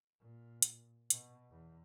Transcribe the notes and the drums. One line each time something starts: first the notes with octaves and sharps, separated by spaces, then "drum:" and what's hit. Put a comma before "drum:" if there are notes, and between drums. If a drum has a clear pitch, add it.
A#2
drum: hi-hat
B2, drum: hi-hat
E2